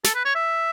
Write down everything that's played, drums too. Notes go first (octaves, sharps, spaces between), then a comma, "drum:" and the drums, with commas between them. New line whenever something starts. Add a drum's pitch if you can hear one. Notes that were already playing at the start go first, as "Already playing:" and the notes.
A4, drum: snare
B4
C#5
E5